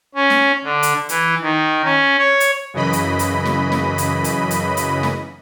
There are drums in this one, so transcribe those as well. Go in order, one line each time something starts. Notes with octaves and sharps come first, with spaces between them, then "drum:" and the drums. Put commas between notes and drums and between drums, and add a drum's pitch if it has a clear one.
C#4
drum: snare
D3
drum: hi-hat
E3, drum: hi-hat
D#3
C#4
C#5
drum: hi-hat
F#2 C#3 E3 D#5 B5
drum: hi-hat
drum: hi-hat
drum: snare
drum: snare
drum: hi-hat
drum: hi-hat
drum: hi-hat
drum: hi-hat
drum: snare